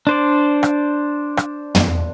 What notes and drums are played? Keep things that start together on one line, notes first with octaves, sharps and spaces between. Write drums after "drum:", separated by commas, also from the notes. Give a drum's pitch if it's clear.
D4 C5 D5
drum: rim click
drum: rim click
drum: tom